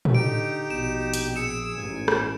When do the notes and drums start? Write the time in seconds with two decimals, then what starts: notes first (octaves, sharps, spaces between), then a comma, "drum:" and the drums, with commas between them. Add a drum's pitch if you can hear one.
0.05 drum: tom
0.15 D3 D#4 G4 D7
0.70 A#1 B2 E7
1.14 drum: hi-hat
1.36 G#4 E6 C#7 E7
1.77 A1 G#2 G#5
2.08 drum: rim click